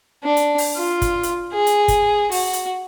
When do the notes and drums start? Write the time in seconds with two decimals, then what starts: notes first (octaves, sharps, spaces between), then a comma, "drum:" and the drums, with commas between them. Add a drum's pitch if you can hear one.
0.24 D4
0.37 drum: hi-hat
0.58 drum: open hi-hat
0.76 F4
1.02 drum: kick, hi-hat
1.23 drum: hi-hat
1.53 G#4
1.67 drum: hi-hat
1.88 drum: kick, hi-hat
2.32 F#4, drum: open hi-hat
2.53 drum: hi-hat